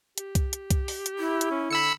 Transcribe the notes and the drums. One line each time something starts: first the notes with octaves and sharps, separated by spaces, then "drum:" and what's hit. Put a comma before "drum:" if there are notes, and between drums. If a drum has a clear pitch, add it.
G4, drum: hi-hat
drum: kick C2, hi-hat
drum: hi-hat
drum: kick C2, hi-hat
drum: open hi-hat
drum: hi-hat
E4
drum: hi-hat
C#4
D3 B5 E6 C#7